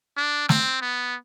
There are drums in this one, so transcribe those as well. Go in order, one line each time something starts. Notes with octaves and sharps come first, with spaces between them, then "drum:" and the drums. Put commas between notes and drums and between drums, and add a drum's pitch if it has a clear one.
D4
C4, drum: snare
B3